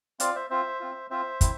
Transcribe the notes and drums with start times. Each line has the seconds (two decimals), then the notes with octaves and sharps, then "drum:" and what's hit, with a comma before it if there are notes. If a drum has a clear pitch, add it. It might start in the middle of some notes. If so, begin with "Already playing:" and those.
0.20 C4 F4 D5 F5, drum: hi-hat
0.35 C5 E5
0.50 C4 F4 C5 E5
0.80 C4 F4
1.11 C4 F4 C5 E5
1.41 C4 E4, drum: kick, hi-hat